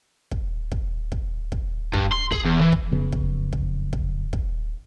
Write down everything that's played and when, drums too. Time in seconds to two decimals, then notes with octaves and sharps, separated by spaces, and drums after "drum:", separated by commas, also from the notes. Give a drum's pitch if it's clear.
0.31 drum: kick
0.71 drum: kick
1.12 drum: kick
1.52 drum: kick
1.93 G2, drum: kick
2.12 C6
2.32 G#4, drum: kick
2.45 E2
2.61 E3
2.72 drum: kick
2.91 F#1 F2 C#3 B3
3.12 drum: kick
3.53 drum: kick
3.93 drum: kick
4.33 drum: kick